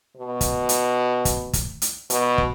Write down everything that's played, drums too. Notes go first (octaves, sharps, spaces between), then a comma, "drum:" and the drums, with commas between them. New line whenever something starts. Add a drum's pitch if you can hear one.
B2
drum: kick, hi-hat
drum: hi-hat
drum: kick, hi-hat
drum: kick, hi-hat
drum: hi-hat
B2, drum: hi-hat
drum: kick